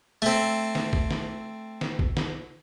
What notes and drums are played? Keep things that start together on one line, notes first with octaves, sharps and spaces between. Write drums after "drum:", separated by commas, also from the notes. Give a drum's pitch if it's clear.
A3 C4
drum: snare
drum: kick
drum: snare
drum: snare
drum: kick
drum: snare